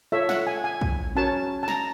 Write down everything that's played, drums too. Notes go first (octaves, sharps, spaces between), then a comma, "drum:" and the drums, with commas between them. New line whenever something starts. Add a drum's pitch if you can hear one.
F4 A4 C#5 E5
F#5, drum: snare
G#5
G#5
drum: kick
C#4 F#4 A#4 C#5 A5
A5
A#5, drum: snare